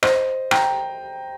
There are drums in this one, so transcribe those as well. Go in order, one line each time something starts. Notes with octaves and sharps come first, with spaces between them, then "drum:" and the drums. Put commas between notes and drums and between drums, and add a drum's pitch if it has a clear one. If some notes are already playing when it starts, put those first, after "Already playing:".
C5 D#5, drum: rim click
G5 A#5, drum: rim click